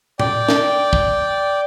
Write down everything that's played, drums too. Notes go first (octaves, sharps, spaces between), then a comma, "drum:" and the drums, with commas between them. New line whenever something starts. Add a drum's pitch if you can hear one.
D5 G5, drum: tom A2
drum: snare
drum: kick